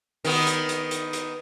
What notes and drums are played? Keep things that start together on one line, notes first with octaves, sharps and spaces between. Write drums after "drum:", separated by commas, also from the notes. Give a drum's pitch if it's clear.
D#3 B3, drum: open hi-hat
drum: hi-hat
drum: hi-hat
drum: hi-hat
drum: hi-hat